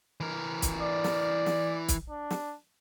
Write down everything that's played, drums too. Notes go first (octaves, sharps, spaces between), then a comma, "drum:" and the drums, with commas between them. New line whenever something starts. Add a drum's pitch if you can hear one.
E3 A#4
drum: kick, hi-hat
D5
drum: snare
drum: snare
drum: kick, hi-hat
D4
drum: snare